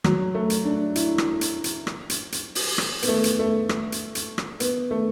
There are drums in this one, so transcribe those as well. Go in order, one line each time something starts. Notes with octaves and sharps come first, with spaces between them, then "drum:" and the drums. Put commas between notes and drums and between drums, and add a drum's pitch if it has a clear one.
F#3, drum: rim click
A3
drum: hi-hat
D4
E4, drum: hi-hat
drum: rim click
drum: hi-hat
drum: hi-hat
drum: rim click
drum: hi-hat
drum: hi-hat
drum: open hi-hat
drum: rim click
B3, drum: hi-hat
A3
drum: hi-hat
A3
drum: rim click
drum: hi-hat
drum: hi-hat
drum: rim click
B3, drum: hi-hat
A3